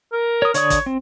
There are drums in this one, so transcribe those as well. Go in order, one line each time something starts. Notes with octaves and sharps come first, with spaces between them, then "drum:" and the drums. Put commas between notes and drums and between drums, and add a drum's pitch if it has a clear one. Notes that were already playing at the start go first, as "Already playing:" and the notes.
A#4
C#5 D#6
D3 C#5 D5 D#6, drum: hi-hat
drum: kick, hi-hat
C4